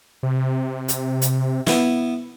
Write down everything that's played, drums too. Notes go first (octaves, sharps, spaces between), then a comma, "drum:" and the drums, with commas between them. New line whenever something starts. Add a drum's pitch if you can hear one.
C3
drum: hi-hat
drum: hi-hat
B3 E4, drum: snare